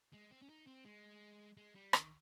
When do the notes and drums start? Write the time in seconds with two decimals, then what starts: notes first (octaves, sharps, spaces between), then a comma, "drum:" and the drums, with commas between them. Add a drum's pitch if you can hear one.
0.13 G#3
0.31 C4
0.42 C#4
0.49 D#4
0.67 C4
0.85 G#3
1.57 G#3
1.76 G3
1.93 D#3, drum: rim click